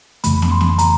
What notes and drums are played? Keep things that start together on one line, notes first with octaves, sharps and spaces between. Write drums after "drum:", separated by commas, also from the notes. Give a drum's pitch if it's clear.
F2 C#3 E3 A3 B5, drum: hi-hat
drum: snare
C6
drum: snare
A#5, drum: hi-hat